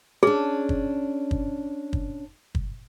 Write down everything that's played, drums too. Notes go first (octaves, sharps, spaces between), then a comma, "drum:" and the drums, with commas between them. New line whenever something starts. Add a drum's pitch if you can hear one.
C#4 D4 G#4
drum: kick
drum: kick
drum: kick
drum: kick